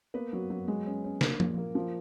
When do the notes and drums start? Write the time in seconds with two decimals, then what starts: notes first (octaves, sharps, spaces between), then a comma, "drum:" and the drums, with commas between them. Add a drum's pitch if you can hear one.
0.14 A#3 B3 B4
0.33 F#3
0.50 F#3
0.68 G#3
0.86 C#4
1.04 C#4
1.21 A#3 A#4, drum: snare
1.40 A#2, drum: tom F3
1.58 A#3
1.75 F3